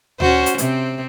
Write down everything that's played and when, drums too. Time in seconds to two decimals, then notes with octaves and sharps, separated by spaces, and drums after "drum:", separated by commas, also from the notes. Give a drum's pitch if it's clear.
0.20 C#4 F#4 C5, drum: tom D2
0.46 drum: hi-hat
0.58 C3 C4, drum: hi-hat